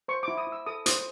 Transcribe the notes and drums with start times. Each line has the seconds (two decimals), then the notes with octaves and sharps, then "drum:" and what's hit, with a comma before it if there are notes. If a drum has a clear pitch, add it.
0.08 C5 C#6
0.23 D6
0.28 E4
0.38 D#6
0.47 E4
0.52 E6
0.66 A4 D#6
0.86 C5 D#6, drum: hi-hat